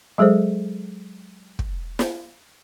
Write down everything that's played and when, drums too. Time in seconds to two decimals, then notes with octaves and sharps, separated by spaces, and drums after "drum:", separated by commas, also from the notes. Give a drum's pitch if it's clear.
0.18 F#3 G#3 G#4 A4 C5
1.59 drum: kick
1.99 drum: snare